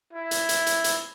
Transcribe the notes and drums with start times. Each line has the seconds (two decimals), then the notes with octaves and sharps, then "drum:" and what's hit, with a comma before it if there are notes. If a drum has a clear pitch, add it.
0.13 E4
0.31 drum: hi-hat
0.49 drum: hi-hat
0.66 drum: hi-hat
0.84 drum: hi-hat